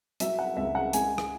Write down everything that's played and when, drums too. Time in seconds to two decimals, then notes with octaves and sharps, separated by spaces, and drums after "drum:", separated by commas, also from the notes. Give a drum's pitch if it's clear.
0.20 F#3 E5, drum: hi-hat
0.39 F#5
0.57 C#2 E5
0.75 F#5
0.93 G#3 G#5, drum: hi-hat
1.18 drum: rim click